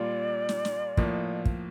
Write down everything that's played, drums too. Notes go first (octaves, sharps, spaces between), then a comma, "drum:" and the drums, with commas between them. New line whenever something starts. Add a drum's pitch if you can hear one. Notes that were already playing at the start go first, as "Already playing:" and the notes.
Already playing: A#2 G3 A#3 F4 D5
drum: snare
drum: snare
A2 F3 A#3, drum: kick
drum: kick